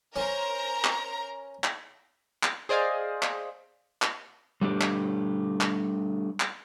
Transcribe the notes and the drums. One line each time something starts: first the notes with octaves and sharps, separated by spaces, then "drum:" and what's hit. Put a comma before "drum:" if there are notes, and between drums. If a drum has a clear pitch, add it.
C#4 A#4 C5 A#5
drum: clap
drum: clap
drum: clap
G#4 C5 D5 D#5 F5
drum: clap
drum: clap
G3 A3 D4 G4
drum: clap
drum: clap
drum: clap